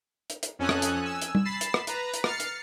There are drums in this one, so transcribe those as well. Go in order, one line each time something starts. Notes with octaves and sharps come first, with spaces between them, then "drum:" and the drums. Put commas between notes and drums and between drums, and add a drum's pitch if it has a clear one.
drum: hi-hat
drum: hi-hat
F2 C#4 A4 G#5 D#6 F#6
drum: rim click
drum: hi-hat
G#5 E6
drum: hi-hat
drum: tom G3
B5 A6 C7 E7
drum: hi-hat
drum: rim click
B4 A#5, drum: hi-hat
drum: hi-hat
F6 A6 C7 C#7, drum: rim click
drum: hi-hat